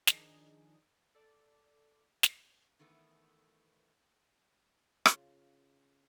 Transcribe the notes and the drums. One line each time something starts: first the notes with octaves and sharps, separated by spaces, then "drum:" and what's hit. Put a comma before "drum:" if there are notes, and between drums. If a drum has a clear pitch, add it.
D#3 F3 D4 D#4 G#4 D#5, drum: snare
A4 D5
drum: snare
D#3 E3 A3 B3
C#3 F4, drum: rim click